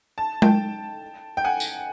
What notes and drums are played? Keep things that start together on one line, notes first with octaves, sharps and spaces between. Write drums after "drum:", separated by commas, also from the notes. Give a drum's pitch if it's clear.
A5
G5 A5, drum: tom G#3
G5
F#5 G#5
drum: tambourine